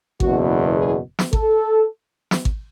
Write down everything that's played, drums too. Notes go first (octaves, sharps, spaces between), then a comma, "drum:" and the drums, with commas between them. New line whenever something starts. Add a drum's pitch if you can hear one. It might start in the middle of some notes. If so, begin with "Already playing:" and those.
F#1 E2 B2 F#4, drum: kick G#1
G#4
drum: snare
A4, drum: kick G#1
drum: snare
drum: kick G#1